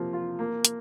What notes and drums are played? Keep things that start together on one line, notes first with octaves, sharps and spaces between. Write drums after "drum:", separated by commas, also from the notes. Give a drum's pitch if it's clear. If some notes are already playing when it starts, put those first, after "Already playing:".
Already playing: C3 F3 A#3
F4
A#3
drum: hi-hat